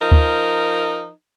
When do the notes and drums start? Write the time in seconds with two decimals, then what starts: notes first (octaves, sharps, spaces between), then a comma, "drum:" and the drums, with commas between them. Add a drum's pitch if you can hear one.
0.02 F3 D#4 A#4
0.12 drum: kick D2